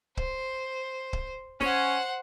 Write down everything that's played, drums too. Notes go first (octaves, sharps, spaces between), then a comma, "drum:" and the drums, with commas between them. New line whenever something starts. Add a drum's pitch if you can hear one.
C5, drum: kick C#1
drum: kick C#1
C#4 C5 F#5, drum: snare